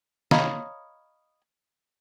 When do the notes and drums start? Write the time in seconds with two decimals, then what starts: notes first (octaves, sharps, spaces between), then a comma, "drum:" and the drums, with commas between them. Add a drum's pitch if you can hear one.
0.31 C#5 D#5 F5 A#5 B5, drum: snare